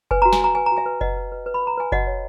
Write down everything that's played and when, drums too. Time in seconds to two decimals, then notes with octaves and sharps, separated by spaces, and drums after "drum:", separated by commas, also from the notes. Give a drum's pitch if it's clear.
0.11 B4 G#5, drum: kick F#1
0.22 F#4 A#5
0.33 G#5, drum: snare
0.42 B4 A#5
0.55 B4 G#5
0.66 A#5
0.71 F#4
0.77 E5 G#5
0.86 B4
1.01 B4 D#5 F#5, drum: kick F#1
1.17 B4
1.32 B4
1.46 B4
1.54 B5
1.62 B4 A#5
1.77 B4 G#5
1.92 F#4 D#5 F#5, drum: kick F#1
2.07 C#5